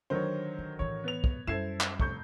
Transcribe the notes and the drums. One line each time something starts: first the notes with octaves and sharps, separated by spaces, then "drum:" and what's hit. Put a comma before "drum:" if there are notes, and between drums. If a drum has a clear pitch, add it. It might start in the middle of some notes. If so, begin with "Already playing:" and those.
D3 D#3 F#3 C5 C#5
F3
A2 E3 C#5
B3 F7
drum: kick
F#2 G3 E4 A4 C5 G#6 C7 E7
drum: clap
F1 C#6 G6, drum: kick